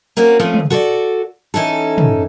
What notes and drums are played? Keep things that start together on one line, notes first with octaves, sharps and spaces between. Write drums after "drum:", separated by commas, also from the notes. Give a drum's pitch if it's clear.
A#3 C4 C#4 F#4
F3 A3 C4 C#4
drum: tom
F#4 A4 C5 D5
E3 C#4 D#4 A4
drum: tom